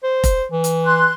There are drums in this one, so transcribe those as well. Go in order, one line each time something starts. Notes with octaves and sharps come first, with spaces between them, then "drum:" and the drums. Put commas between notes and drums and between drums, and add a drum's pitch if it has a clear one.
C5
drum: kick F1, hi-hat
E3
drum: hi-hat
C6 F#6